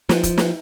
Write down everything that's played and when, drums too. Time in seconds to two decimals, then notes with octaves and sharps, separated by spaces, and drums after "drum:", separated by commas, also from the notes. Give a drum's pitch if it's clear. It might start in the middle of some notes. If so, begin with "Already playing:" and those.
0.09 F3, drum: snare
0.23 drum: kick, hi-hat
0.38 drum: snare